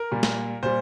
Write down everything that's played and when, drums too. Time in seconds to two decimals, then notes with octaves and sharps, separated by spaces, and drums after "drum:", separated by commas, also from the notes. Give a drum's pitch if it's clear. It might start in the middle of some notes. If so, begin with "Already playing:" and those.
Already playing: A#4
0.12 A#2 G3
0.23 drum: snare
0.63 A#2 G3 C5